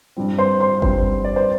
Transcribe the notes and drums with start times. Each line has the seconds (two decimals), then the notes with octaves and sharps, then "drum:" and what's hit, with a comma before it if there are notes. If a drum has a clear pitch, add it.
0.17 G2 G3 C4
0.38 C5 C6
0.60 C5 C6
0.82 G2 G3 C4 C5 C6, drum: kick G1
1.24 D5
1.36 C5